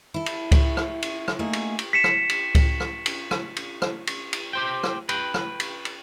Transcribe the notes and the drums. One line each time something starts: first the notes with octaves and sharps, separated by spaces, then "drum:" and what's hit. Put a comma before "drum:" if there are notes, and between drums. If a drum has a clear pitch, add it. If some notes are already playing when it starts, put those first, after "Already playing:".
E4 A4
drum: cymbal
drum: kick C#2, cymbal
drum: rim click
drum: cymbal
drum: rim click
A3 A#3 D#4 G#4
drum: cymbal
drum: cymbal
B6 C#7 E7
drum: rim click
drum: cymbal
drum: kick C#2, cymbal
drum: rim click
drum: cymbal
drum: rim click
drum: cymbal
drum: rim click
drum: cymbal
drum: cymbal
G4 C5 G5
drum: rim click
B4 G5, drum: cymbal
drum: rim click
drum: cymbal
drum: cymbal